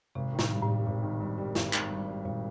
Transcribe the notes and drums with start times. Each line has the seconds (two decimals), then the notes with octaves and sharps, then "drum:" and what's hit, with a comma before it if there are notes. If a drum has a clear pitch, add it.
0.15 G#1 C3
0.33 D#3
0.39 A2, drum: snare
0.51 G2
0.63 A2
0.68 G3
0.86 G#1 A#2
1.02 D#3
1.20 G2
1.38 G3
1.55 G#1, drum: snare
1.73 D#3, drum: clap
1.90 G2
2.08 G3
2.25 G#1 A#2